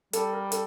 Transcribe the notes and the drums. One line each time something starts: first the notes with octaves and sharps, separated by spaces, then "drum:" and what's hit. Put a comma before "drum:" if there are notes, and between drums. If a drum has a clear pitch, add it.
G3 A4, drum: hi-hat
A#4
A4, drum: hi-hat